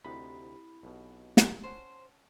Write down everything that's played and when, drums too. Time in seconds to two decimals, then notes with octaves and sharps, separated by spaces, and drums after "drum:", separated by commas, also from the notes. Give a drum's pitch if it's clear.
0.05 D2 C3 C4 D#4 E4 G4 B5
0.83 B1 B2
1.37 drum: snare
1.63 C#4 C5 F#5 A5